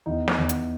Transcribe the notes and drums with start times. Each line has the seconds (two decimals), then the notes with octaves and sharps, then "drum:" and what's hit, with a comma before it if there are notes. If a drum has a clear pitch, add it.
0.06 E2 D#4
0.28 drum: snare
0.38 E2
0.49 drum: hi-hat